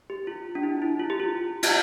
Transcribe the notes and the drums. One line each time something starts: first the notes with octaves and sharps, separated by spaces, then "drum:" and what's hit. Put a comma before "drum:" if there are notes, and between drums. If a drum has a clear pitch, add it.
G4
F4
D4
E4
E4
F4
G4
F4
F4, drum: cymbal